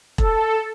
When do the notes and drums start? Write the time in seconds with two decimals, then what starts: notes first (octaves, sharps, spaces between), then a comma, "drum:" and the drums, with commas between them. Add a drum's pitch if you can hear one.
0.18 A4, drum: kick E1